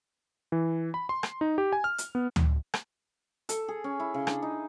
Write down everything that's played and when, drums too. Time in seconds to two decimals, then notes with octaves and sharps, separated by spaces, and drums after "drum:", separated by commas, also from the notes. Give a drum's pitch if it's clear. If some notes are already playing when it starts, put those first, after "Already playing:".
0.52 E3
0.94 B5
1.09 C6
1.23 drum: rim click
1.41 D#4
1.58 G4
1.73 G#5
1.84 F6
1.98 drum: hi-hat
2.15 B3
2.36 drum: tom D2
2.74 drum: rim click
3.49 A4, drum: hi-hat
3.68 G#4
3.84 C#4
4.00 E4
4.14 C#3
4.27 D4, drum: rim click
4.42 D#4